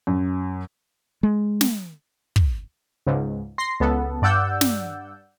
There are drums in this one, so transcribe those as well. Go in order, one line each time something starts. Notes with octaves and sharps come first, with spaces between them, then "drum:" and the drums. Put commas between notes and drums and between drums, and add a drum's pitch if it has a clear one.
F#2
G#3
drum: snare
drum: kick
C#2 G#2
C6 A#6 C7
C#2 B3 A4
G2 D5 F#5 E6 G6
drum: snare